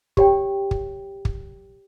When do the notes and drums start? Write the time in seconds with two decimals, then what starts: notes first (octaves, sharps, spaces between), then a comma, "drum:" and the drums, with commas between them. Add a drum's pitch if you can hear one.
0.17 G4 C#5 G5, drum: kick
0.71 drum: kick
1.25 drum: kick